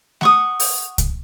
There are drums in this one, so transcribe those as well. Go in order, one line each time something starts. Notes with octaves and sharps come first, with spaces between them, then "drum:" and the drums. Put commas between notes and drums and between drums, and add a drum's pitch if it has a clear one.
F#5 C#6 D#6, drum: snare A3
drum: open hi-hat
drum: kick C2, hi-hat